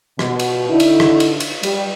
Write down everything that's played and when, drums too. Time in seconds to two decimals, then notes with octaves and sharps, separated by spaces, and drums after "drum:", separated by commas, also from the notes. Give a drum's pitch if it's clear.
0.19 B2, drum: rim click
0.39 drum: cymbal
0.70 D3 D#4 E4
0.80 drum: cymbal
1.00 drum: rim click
1.20 drum: cymbal
1.40 drum: cymbal
1.63 G3, drum: cymbal